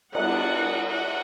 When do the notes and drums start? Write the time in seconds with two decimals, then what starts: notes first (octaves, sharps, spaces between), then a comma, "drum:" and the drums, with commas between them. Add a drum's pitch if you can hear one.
0.15 G3 B3 D4 F#5, drum: cymbal
0.89 F#5